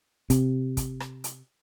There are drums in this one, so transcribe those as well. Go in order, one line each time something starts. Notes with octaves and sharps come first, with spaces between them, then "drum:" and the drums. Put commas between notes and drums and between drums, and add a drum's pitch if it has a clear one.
C3, drum: kick, hi-hat
drum: kick, hi-hat
drum: rim click
drum: hi-hat